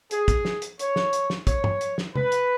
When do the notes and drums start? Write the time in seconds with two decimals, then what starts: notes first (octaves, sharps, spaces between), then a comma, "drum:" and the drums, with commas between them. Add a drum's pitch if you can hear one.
0.11 G#4, drum: hi-hat
0.28 drum: kick, hi-hat
0.45 drum: snare
0.62 drum: hi-hat
0.79 C#5, drum: hi-hat
0.96 drum: snare
1.13 drum: hi-hat
1.30 drum: snare
1.47 C#5, drum: kick, hi-hat
1.64 drum: tom G2
1.81 drum: hi-hat
1.98 drum: snare
2.16 B4, drum: tom
2.32 drum: hi-hat